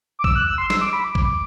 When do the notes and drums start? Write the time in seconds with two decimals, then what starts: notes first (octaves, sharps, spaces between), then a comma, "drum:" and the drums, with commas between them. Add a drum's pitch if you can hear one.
0.19 D6
0.24 E6, drum: kick
0.35 F#6
0.47 E6
0.58 C6
0.70 E6, drum: snare
0.81 D6
0.93 B5
1.04 D6
1.15 drum: kick